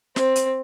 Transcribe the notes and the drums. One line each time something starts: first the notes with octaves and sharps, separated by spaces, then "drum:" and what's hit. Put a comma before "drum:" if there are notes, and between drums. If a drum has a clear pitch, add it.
C4, drum: snare
drum: hi-hat